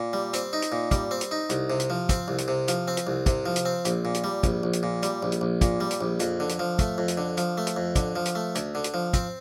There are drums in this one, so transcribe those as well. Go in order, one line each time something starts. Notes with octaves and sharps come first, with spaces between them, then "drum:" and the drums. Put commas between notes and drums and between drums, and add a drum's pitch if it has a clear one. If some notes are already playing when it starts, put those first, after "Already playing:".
Already playing: A#2
G3
C4, drum: hi-hat
D#4
drum: hi-hat
A#2
G3, drum: kick, hi-hat
C4
drum: hi-hat
D#4
C2, drum: hi-hat
C3
drum: hi-hat
F3
C4, drum: kick, hi-hat
C2
drum: hi-hat
C3
F3, drum: hi-hat
C4
drum: hi-hat
C2
C3, drum: kick, hi-hat
F3
drum: hi-hat
C4
A#1, drum: hi-hat
A#2
drum: hi-hat
G3
A#1, drum: kick, hi-hat
A#1
drum: hi-hat
A#2
G3, drum: hi-hat
A#1
drum: hi-hat
A#1
A#2, drum: kick, hi-hat
G3
drum: hi-hat
A#1
F2, drum: hi-hat
D3
drum: hi-hat
F3
A3, drum: kick, hi-hat
F2
drum: hi-hat
D3
F3, drum: hi-hat
A3
drum: hi-hat
F2
D3, drum: kick, hi-hat
F3
drum: hi-hat
A3
D2, drum: hi-hat
D3
drum: hi-hat
F3
C4, drum: kick, hi-hat